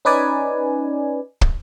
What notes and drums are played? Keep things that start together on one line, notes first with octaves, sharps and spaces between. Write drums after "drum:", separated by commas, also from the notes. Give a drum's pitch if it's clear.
C#4 D#4 B4 D5 G#5
drum: kick